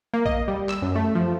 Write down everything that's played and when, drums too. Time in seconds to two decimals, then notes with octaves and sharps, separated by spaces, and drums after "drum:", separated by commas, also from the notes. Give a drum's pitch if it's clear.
0.13 A#3
0.26 D#5, drum: kick A#1
0.48 G3
0.69 E6, drum: clap
0.82 F#2
0.96 A3
1.15 F3